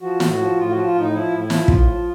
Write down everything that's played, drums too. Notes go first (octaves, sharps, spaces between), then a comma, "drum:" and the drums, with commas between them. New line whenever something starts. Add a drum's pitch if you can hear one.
F3 F#4
A2, drum: snare
F#4
F3
A2 F4
F3 F#4
F4
A2 D#4
F3 E4
A2
E4
F3, drum: snare
A2 F4, drum: kick
F3